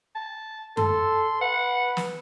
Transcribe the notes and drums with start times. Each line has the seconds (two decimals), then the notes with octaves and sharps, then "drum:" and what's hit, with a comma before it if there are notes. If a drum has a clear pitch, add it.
0.15 A5
0.77 A4 C6, drum: tom F#2
1.41 B4 F#5
1.97 drum: snare